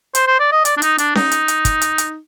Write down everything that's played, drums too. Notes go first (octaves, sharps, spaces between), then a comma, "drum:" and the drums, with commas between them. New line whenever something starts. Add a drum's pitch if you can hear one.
C5, drum: hi-hat
C5
D5
D#5
D5, drum: hi-hat
D4
D#4, drum: hi-hat
D4, drum: hi-hat
D#4, drum: snare C#4
drum: hi-hat
drum: hi-hat
drum: kick, hi-hat
drum: hi-hat
drum: hi-hat